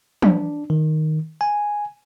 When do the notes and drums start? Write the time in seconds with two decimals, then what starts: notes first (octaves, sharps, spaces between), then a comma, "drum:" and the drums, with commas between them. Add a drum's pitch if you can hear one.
0.22 D4, drum: tom
0.70 D#3
1.41 G#5